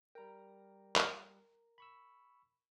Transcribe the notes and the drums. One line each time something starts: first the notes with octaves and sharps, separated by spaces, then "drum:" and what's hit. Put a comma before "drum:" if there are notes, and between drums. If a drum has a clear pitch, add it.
G3 A#4 G5 A#5
drum: clap
B5 C#6 E6